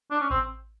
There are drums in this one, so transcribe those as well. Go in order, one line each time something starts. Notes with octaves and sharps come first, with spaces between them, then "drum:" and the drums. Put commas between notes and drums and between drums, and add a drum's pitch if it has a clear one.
D4
C#4
C4, drum: kick A1